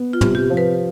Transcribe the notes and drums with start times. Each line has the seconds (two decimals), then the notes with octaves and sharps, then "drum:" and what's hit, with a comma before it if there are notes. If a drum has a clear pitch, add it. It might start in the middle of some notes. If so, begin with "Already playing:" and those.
Already playing: B3
0.13 F4
0.21 C3, drum: tom
0.35 G4
0.50 F3
0.57 B4